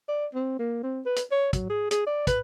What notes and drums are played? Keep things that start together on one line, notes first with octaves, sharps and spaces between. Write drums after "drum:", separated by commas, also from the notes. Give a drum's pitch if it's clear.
D5
C4
A#3
C4
B4
drum: hi-hat
C#5
F#3, drum: kick, hi-hat
G#4
G#4, drum: hi-hat
D5
B4, drum: kick, hi-hat